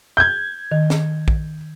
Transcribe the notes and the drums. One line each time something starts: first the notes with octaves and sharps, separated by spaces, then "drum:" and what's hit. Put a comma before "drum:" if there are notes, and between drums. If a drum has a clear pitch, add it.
G6 G#6
D#3
drum: snare
drum: kick